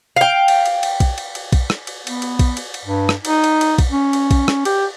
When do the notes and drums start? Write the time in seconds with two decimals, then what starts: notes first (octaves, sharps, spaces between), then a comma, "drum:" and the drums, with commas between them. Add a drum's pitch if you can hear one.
0.16 F5 G5
0.48 drum: cymbal
0.66 drum: cymbal
0.83 drum: cymbal
1.00 drum: kick B1, cymbal
1.18 drum: cymbal
1.35 drum: cymbal
1.52 drum: kick B1, cymbal
1.70 drum: rim click
1.87 drum: cymbal
2.07 B3, drum: cymbal
2.22 drum: cymbal
2.39 drum: kick B1, cymbal
2.57 drum: cymbal
2.74 drum: cymbal
2.85 G2
3.09 drum: rim click
3.25 D#4, drum: cymbal
3.44 drum: cymbal
3.61 drum: cymbal
3.78 drum: kick B1, cymbal
3.91 C#4
4.13 drum: cymbal
4.31 drum: kick B1, cymbal
4.48 drum: rim click
4.65 G4, drum: cymbal